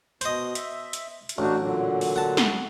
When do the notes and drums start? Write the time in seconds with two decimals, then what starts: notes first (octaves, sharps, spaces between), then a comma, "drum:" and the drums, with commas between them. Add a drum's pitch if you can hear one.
0.21 B2 C5 D#5, drum: hi-hat
0.55 E5, drum: hi-hat
0.93 drum: hi-hat
1.29 drum: hi-hat
1.38 A1 D4 D#4 F#4
1.59 A#2 D3 F#3
2.01 drum: open hi-hat
2.16 F#5 A5
2.37 drum: snare